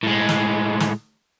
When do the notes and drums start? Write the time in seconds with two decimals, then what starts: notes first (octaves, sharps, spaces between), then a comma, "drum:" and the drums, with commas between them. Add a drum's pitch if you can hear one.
0.03 A2 G#3
0.29 drum: snare
0.80 drum: snare